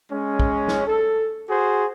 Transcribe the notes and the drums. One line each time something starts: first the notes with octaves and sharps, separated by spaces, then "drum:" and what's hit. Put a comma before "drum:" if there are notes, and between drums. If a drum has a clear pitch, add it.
G#3 C#4
drum: kick
drum: snare
A4
F#4 G#4 C5